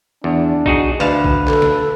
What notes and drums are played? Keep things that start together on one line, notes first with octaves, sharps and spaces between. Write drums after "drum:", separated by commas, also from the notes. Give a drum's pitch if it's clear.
E2 D4
D#4 F#4 G#4, drum: kick
D2 B4 F5 A5, drum: hi-hat
drum: kick
A4, drum: clap
drum: snare